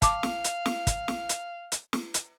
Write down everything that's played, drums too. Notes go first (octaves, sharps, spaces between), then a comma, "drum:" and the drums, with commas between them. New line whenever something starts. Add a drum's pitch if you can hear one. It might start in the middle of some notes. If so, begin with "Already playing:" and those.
F5 A5 D6, drum: kick, hi-hat
drum: snare
drum: hi-hat
drum: snare
drum: kick, hi-hat
drum: snare
drum: hi-hat
drum: hi-hat
drum: snare
drum: hi-hat